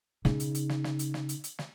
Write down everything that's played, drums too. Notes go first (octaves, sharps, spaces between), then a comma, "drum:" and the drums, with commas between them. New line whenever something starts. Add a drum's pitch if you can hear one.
C#3 D#4, drum: snare
drum: hi-hat
drum: hi-hat
drum: snare
drum: snare
drum: hi-hat
drum: snare
drum: hi-hat
drum: hi-hat
drum: snare